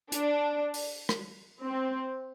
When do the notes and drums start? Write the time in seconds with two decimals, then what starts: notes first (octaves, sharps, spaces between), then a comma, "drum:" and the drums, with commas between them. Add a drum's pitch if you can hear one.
0.12 D4, drum: hi-hat
0.73 drum: open hi-hat
1.09 drum: rim click
1.66 C4